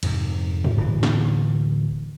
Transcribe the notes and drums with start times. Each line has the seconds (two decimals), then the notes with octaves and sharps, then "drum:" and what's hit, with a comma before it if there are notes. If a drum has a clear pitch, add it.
0.03 F2 G#2 C3, drum: cymbal
0.64 drum: tom
0.77 D1 E3
1.03 drum: snare